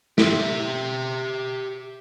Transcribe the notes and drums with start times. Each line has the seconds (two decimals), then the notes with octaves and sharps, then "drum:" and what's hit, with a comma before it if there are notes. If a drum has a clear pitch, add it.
0.18 G4 E5, drum: snare